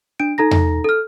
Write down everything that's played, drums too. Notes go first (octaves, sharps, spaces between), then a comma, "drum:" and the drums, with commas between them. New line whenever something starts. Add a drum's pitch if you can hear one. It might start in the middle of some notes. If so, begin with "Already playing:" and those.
D4 D7
D#4 A4 A#5 A#6
drum: tom E2
A4 F6